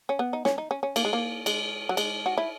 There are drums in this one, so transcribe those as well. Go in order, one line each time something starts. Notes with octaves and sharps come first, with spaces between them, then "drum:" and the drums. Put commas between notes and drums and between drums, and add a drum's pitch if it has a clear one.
C#4
B3
D#4
C#4, drum: snare
D#4
C#4
C#4
A#3, drum: cymbal
G#3
A#3
G#3, drum: cymbal
F#3
G#3, drum: cymbal
F#4
E4